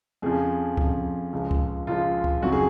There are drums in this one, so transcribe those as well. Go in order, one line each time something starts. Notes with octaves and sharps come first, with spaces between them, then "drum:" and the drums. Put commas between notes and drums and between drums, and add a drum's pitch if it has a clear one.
F2 C#3 F3 G#4
F2 C#3 F3, drum: kick C#2
C#2 C#3 F3 G#3
drum: kick C#2
C#2 C#3 F3 G#3 F4
drum: kick C#2
F#1 F2 C#3 F#3 F#4
G#4